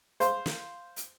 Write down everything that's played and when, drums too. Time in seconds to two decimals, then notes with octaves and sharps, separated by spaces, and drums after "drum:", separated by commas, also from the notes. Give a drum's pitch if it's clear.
0.20 C5 F5 C6, drum: hi-hat
0.46 drum: snare
0.96 drum: hi-hat